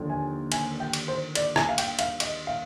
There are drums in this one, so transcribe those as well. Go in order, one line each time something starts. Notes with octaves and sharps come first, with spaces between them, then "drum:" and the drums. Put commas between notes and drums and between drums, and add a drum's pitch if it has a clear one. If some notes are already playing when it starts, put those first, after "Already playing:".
Already playing: D#2 D3 F3
G#5
G#5, drum: cymbal
G5
drum: cymbal
C5
D5, drum: cymbal
G#5, drum: rim click
F5
G5, drum: cymbal
F5, drum: cymbal
D#5, drum: cymbal
F5